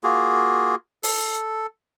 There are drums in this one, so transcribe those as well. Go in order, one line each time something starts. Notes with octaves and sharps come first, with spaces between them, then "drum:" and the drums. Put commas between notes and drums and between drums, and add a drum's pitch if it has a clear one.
A#3 F4 F#4 G#4
A4, drum: open hi-hat